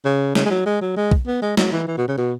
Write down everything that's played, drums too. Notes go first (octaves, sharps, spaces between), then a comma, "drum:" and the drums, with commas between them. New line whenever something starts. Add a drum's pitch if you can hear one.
C#3
C#3, drum: snare
G#3
F#3
G#3
F#3
G#3
drum: kick B1
B3
G#3
F#3, drum: snare
E3
E3
B2
C#3
B2